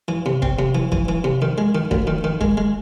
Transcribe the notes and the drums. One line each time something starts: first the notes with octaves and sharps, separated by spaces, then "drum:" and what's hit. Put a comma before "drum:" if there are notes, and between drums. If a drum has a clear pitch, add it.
E3
C3
C4, drum: kick
C3
E3
E3, drum: kick
E3
C3
D#3
G#3
D#3
D2, drum: kick
D#3
D#3
G#3, drum: kick
G#3